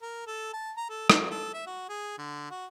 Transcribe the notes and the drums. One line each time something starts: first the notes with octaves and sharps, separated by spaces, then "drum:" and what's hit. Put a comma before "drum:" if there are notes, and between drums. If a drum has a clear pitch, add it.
A#4
A4
A5
A#5
A4
F#3, drum: rim click
A4
E5
F#4
G#4
D3
F#4